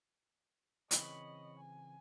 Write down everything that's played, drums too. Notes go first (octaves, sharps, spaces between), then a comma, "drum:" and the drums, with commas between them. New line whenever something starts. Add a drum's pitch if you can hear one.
C#3 E3 C4 C#5 D#5 B5, drum: hi-hat
G#5